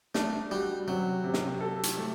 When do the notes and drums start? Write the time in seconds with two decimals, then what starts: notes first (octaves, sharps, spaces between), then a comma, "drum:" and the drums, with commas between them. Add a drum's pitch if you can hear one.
0.15 A3 D4, drum: snare
0.51 G3 F#4
0.87 C3 F#3
1.24 C3
1.34 drum: snare
1.61 A4
1.83 drum: hi-hat
1.98 A3